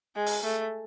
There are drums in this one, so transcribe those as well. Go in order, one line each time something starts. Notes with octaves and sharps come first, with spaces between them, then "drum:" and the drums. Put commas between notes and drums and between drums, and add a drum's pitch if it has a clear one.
G#3
drum: open hi-hat
A3